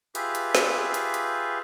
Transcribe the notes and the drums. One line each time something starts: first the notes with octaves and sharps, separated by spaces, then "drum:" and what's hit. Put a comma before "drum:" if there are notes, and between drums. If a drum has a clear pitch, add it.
F4 G4 G#4 B4 E5, drum: hi-hat
drum: hi-hat
drum: snare
drum: hi-hat
drum: hi-hat